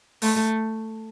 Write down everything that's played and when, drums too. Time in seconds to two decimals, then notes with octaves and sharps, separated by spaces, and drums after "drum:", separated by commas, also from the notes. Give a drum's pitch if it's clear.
0.22 A3, drum: open hi-hat